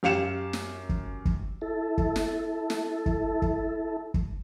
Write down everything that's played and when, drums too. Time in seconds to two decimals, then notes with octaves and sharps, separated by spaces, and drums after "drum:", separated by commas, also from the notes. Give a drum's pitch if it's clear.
0.03 F#2 G4 F5 C#7 E7
0.53 drum: snare
0.89 drum: kick
1.25 drum: kick
1.61 E4 A4
1.98 drum: kick
2.16 drum: snare
2.70 drum: snare
3.06 drum: kick
3.42 drum: kick
4.14 drum: kick